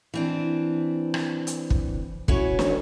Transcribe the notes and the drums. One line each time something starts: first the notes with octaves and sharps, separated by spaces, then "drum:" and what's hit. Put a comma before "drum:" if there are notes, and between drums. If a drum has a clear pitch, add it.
E3 C4 D4
drum: rim click
drum: hi-hat
drum: kick
C#4 E4 F#4 B4 C#5, drum: kick
drum: snare